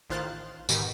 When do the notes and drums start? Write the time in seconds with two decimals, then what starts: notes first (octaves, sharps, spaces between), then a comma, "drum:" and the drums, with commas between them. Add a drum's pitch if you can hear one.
0.09 A1 D#3 F4 C5 F#6 A6
0.69 G#2 B2 D#3 G4 A#6, drum: tambourine